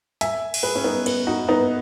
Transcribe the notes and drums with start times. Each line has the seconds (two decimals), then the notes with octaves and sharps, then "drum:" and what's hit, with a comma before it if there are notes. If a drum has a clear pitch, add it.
0.21 E5 G#5, drum: hi-hat
0.54 drum: cymbal
0.63 G#4 B4
0.75 C#4
0.84 B3 D#4
1.06 B3, drum: cymbal
1.27 D#4 F#4
1.48 B3 D#4